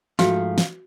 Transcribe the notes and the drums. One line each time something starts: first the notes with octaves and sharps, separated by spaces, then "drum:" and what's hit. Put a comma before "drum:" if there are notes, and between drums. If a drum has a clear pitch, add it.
G#2 F3 A3 F#4 F5, drum: snare
drum: snare